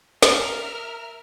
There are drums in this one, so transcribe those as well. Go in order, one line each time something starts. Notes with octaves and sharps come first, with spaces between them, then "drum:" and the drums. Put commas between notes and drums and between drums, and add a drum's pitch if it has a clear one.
A#4 E5 F6, drum: snare